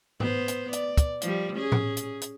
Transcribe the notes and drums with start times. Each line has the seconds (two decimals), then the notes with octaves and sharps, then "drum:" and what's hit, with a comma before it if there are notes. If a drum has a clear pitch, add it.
0.20 B3 C5, drum: tom G#2
0.48 drum: hi-hat
0.73 D5, drum: hi-hat
0.97 drum: kick, hi-hat
1.22 F3 G3, drum: hi-hat
1.56 C#4 G#4
1.72 drum: tom A2
1.97 drum: hi-hat
2.21 drum: hi-hat